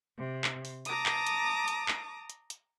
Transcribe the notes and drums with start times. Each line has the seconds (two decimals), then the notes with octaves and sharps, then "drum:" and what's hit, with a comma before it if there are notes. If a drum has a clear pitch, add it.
0.18 C3
0.44 drum: clap
0.65 drum: open hi-hat
0.85 A5 A#5 D6 D#6, drum: hi-hat
1.06 drum: clap
1.27 drum: hi-hat
1.68 drum: hi-hat
1.88 drum: clap
2.30 drum: hi-hat
2.50 drum: hi-hat